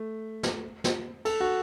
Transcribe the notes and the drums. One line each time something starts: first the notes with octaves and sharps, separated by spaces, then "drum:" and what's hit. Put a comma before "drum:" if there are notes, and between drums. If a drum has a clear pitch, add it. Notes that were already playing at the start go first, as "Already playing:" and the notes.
Already playing: A3
drum: snare
drum: snare
A4, drum: cymbal
F#4